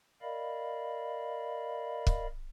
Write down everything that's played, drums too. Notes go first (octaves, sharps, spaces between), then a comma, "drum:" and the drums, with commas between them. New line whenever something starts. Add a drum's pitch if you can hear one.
A#4 D5 D#5 F5 B5
drum: kick